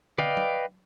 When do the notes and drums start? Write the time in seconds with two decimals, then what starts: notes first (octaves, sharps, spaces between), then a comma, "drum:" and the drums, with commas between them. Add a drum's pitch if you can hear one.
0.18 B4 D5 D#5 F5 G5, drum: tom
0.37 drum: tom F#3